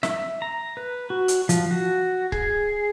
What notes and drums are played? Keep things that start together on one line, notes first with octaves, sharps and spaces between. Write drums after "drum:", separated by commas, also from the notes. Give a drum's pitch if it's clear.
E5, drum: snare
A#5
B4
F#4
drum: hi-hat
F3, drum: hi-hat
F#4
G#4, drum: kick C#1